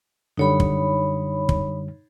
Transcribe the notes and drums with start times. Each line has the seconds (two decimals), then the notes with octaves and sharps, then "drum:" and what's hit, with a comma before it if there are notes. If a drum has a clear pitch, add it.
0.37 F#2 D3 G3 D#4 C#5 B5
0.60 drum: kick
1.49 drum: kick